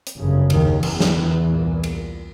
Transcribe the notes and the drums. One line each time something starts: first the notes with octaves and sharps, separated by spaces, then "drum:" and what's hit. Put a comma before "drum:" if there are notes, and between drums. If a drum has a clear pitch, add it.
drum: hi-hat
G1 F#2 C#3
D#2 D#3, drum: cymbal
E2 E3, drum: cymbal
drum: snare
C2 A#2
drum: cymbal